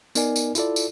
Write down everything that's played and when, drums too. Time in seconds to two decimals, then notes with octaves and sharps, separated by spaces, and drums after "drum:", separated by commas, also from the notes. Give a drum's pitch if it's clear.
0.15 B3 D#4 A#4 D5 G#5, drum: tambourine
0.36 drum: tambourine
0.55 E4 F4 A4 D5, drum: tambourine
0.76 drum: tambourine